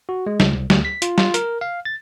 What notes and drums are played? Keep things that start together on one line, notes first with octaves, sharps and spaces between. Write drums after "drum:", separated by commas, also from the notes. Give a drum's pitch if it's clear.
F#4
G#3
C#2, drum: snare
C2
D2, drum: snare
B6
F4, drum: hi-hat
F4, drum: snare
A#4, drum: hi-hat
F5
A6